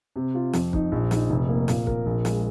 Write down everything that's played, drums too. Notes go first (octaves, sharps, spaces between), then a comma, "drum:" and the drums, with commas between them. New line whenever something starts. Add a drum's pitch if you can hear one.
C3
F4
F2, drum: snare
D#4, drum: kick
A#1
D#4, drum: snare
F1
A#3
A#2, drum: snare
A#4, drum: kick
A#1
G#3, drum: snare